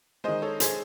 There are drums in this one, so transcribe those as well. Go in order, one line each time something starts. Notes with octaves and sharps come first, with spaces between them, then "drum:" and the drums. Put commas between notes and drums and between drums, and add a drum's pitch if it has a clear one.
D#3 G#3 C5 D#5
A4 C#5
G#4 C5, drum: hi-hat